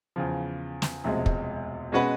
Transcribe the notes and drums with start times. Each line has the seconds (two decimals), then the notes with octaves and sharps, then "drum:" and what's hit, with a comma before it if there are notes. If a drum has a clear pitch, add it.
0.16 E2 C#3 F3
0.82 drum: snare
1.04 E1 D2 C3 F3 G#3
1.26 drum: kick
1.92 B2 G#3 C#4 F#4 B4